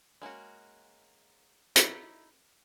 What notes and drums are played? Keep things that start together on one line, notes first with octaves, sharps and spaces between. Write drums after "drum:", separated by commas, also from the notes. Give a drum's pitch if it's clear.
G#3 A#3 C#4 F#4
D#4 E4, drum: hi-hat